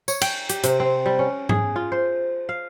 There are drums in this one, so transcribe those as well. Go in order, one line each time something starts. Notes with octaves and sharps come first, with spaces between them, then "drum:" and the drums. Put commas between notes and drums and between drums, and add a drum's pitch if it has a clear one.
C#5, drum: tambourine
G5, drum: cymbal
G4, drum: hi-hat
C3, drum: hi-hat
C4
G3
C#4
G#4, drum: tom G#2
F4
C5
F5